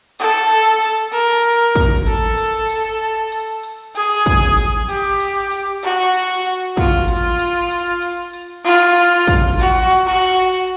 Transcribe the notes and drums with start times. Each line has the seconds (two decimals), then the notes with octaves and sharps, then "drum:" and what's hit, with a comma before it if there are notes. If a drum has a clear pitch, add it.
0.19 A4, drum: hi-hat
0.50 drum: hi-hat
0.81 drum: hi-hat
1.12 A#4, drum: hi-hat
1.44 drum: hi-hat
1.75 drum: kick, hi-hat
2.06 A4, drum: hi-hat
2.38 drum: hi-hat
2.69 drum: hi-hat
3.32 drum: hi-hat
3.63 drum: hi-hat
3.95 G#4, drum: hi-hat
4.26 drum: kick, hi-hat
4.57 drum: hi-hat
4.89 G4, drum: hi-hat
5.20 drum: hi-hat
5.51 drum: hi-hat
5.83 F#4, drum: hi-hat
6.14 drum: hi-hat
6.45 drum: hi-hat
6.77 F4, drum: kick, hi-hat
7.08 drum: hi-hat
7.39 drum: hi-hat
7.71 drum: hi-hat
8.02 drum: hi-hat
8.33 drum: hi-hat
8.64 F4
8.96 drum: hi-hat
9.27 drum: kick, hi-hat
9.59 F#4, drum: hi-hat
9.90 drum: hi-hat
10.06 F#4
10.21 drum: hi-hat
10.53 drum: hi-hat